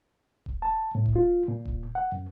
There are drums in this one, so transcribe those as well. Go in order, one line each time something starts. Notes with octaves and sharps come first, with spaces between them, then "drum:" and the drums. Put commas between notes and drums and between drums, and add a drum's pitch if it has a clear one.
drum: kick D#1
A5
A2
drum: kick D#1
F4
A#2
drum: kick D#1
F#5
F#2